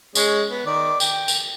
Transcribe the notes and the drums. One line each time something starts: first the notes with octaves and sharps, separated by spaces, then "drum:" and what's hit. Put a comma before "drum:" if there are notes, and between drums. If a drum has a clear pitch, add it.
G#3 C#4, drum: tambourine
B3
D#3 D5
G5, drum: tambourine
drum: tambourine